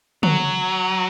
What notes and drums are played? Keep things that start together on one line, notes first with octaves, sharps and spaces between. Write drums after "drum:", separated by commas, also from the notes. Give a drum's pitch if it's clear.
F#3, drum: tom